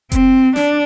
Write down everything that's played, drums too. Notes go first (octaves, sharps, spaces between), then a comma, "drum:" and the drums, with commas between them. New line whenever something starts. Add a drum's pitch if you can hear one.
C4, drum: kick F1, hi-hat
D4, drum: snare